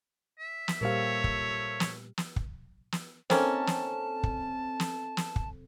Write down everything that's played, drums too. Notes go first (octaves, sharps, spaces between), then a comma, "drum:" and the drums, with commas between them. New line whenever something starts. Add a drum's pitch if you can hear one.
E5
drum: snare
A#2 G3 G4 A4 A#4 C5 C#5 F5
drum: kick
drum: snare
drum: snare
drum: kick
drum: snare
D#3 A#3 C4 C#4 A4 A5, drum: snare
drum: snare
drum: kick
drum: snare
drum: snare
drum: kick